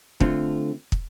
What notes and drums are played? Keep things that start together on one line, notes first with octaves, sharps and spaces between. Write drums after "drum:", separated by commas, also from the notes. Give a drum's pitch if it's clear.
D3 A3 C4 F4, drum: kick
drum: kick